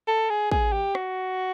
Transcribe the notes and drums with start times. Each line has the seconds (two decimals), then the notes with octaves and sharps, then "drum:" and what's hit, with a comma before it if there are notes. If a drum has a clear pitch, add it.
0.07 A4
0.30 G#4
0.51 G#4, drum: kick
0.73 G4
0.95 F#4, drum: rim click